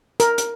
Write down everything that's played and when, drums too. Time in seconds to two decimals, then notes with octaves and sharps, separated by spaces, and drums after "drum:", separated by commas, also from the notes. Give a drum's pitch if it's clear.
0.20 A#4, drum: hi-hat
0.38 drum: hi-hat